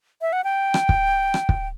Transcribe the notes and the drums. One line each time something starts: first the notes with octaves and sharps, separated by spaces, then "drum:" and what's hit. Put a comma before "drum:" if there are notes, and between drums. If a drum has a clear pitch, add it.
E5
F#5
G5
drum: rim click
drum: kick
drum: rim click
drum: kick